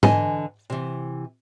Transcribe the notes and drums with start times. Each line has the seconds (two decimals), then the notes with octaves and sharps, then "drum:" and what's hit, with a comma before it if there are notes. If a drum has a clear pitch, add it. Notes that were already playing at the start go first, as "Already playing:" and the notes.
0.03 D3 E3 D#5 G#5, drum: tom G#2
0.70 C3 E3